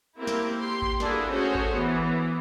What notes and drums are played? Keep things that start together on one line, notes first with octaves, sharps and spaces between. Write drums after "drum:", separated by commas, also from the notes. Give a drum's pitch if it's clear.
A#3 C4 E4 G4 A#4
drum: snare
G4 C6
drum: kick G#1
A#3 D4 E4 F#4 G#4 A4, drum: snare
A3 C#4 F#4 G#4 C5 C#5
drum: kick G#1
E3 B3